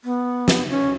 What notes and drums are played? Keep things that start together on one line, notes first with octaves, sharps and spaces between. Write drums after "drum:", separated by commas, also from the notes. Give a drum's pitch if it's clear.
B3
drum: snare
C#4